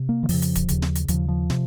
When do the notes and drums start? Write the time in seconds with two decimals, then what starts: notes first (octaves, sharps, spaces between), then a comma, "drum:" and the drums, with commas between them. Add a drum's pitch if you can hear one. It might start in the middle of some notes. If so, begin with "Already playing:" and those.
Already playing: C3
0.09 A#3
0.23 D#3
0.29 F2 C#3 F3, drum: open hi-hat
0.42 drum: hi-hat
0.56 drum: kick D1, hi-hat
0.69 D#2 C#3, drum: hi-hat
0.82 drum: snare
0.96 drum: hi-hat
1.08 D#2 C#3 F3, drum: hi-hat
1.29 F3
1.50 C3, drum: snare